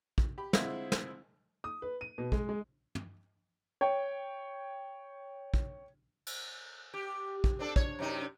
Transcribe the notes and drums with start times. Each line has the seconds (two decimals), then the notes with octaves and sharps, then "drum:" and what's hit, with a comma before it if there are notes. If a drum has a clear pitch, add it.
0.18 drum: kick
0.38 G4 B5
0.53 D3 G#3 C4 E4 F4, drum: snare
0.92 drum: snare
1.64 D#6
1.82 B4
2.01 D#7
2.18 B2
2.32 G#3, drum: kick
2.49 G#3
2.95 drum: tom
3.81 C#5 G5
5.54 drum: kick
6.27 drum: cymbal
6.94 G4
7.44 drum: kick
7.59 C4 D4 A4
7.76 C#5, drum: kick
7.99 F#2 C3 D#4